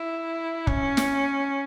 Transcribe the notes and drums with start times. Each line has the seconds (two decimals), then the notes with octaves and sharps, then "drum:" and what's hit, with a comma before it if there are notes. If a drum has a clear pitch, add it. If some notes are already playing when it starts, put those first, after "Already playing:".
Already playing: E4
0.67 C#4, drum: kick
0.97 drum: snare